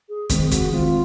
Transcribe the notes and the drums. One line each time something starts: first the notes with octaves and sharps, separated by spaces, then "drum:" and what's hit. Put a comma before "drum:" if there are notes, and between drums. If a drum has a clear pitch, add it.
G#4
D#3 G#3 C4 G#4, drum: kick, hi-hat
F#4, drum: kick, hi-hat
D#3 G#3 C4 F4